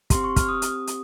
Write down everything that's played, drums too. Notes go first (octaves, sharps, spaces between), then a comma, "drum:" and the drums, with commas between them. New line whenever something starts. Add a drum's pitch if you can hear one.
C4 G4 C6, drum: kick, hi-hat
C#6
F6, drum: kick, hi-hat
D#6
drum: hi-hat
drum: hi-hat